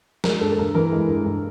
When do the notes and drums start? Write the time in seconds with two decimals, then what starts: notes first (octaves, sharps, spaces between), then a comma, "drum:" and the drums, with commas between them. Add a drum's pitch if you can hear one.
0.24 G#3 A#4, drum: snare
0.41 G2 A4
0.53 A4
0.59 G2 A#4
0.75 E3 A#4
0.92 G#3
1.08 G2
1.25 G2